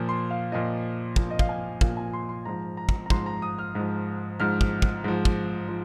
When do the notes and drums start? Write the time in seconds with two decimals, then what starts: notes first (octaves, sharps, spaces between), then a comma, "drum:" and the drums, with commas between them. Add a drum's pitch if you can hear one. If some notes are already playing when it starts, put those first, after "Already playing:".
Already playing: A#2 F3
0.09 C6
0.31 F5
0.52 A#2 F3 D#5
1.16 A#2 F3, drum: kick
1.30 D#5
1.39 F5, drum: kick
1.49 G#5
1.81 A#2 F3 F5, drum: kick
1.97 G#5
2.13 C6
2.29 C6
2.45 G#2 F3 A#5
2.77 A#5
2.89 drum: kick
3.06 A#5
3.10 G#2 F3 C6, drum: kick
3.26 A#5
3.42 D#6
3.58 F6
3.75 G#2 F3
4.40 G#2 F3 F6
4.61 drum: kick
4.82 drum: kick
5.04 G#2 F3
5.25 drum: kick
5.68 F3